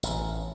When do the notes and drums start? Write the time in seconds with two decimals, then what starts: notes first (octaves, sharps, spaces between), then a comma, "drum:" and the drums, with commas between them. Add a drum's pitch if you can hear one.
0.03 A1, drum: tambourine